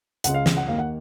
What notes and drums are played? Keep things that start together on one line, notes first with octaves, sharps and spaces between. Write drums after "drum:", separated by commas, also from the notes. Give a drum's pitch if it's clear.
C#2 C#3 G#3 F#5, drum: hi-hat
F5
drum: snare
F#5
D#2 D#3 A#3 F5
F#5